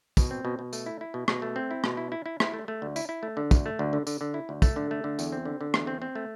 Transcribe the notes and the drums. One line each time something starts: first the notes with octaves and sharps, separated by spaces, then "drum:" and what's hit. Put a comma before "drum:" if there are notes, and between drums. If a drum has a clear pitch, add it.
B2, drum: kick, tambourine
C4
B2
B2
A3, drum: tambourine
E4
E4
B2
B2, drum: rim click
A3
C4
E4
B2, drum: rim click
E4
E4
E4
E4, drum: rim click
A3
A3
D2
E4, drum: tambourine
E4
A3
D3
D2, drum: kick, tambourine
A3
D2
D3
D3, drum: tambourine
D3
E4
D2
A3, drum: kick, tambourine
D3
A3
D3
E2, drum: tambourine
C4
D3
D3
E2, drum: rim click
C4
C4
A3